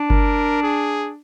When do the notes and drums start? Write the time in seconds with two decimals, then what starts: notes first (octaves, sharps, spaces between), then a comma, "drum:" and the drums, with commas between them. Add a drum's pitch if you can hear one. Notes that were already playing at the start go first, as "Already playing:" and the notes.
Already playing: D4
0.10 A#4, drum: kick G1
0.63 G#4